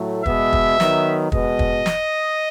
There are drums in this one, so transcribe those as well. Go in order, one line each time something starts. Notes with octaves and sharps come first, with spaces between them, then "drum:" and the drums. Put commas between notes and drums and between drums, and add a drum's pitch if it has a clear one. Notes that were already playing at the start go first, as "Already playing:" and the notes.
Already playing: A2 F#3 A3
B2 G#3 B3 E5, drum: kick
drum: kick
D#3 F#3 B3, drum: snare
B2 G#3 B3 D#5, drum: kick
drum: kick
drum: snare